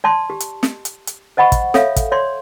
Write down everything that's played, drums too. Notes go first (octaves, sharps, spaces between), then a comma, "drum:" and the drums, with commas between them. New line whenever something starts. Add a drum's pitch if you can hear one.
D5 A5 C6
G4
drum: hi-hat
drum: snare
drum: hi-hat
drum: hi-hat
C5 D#5 F#5 B5 C#6
drum: kick, hi-hat
A4 C#5 E5 F5, drum: snare
drum: kick, hi-hat
C#5 D5 C6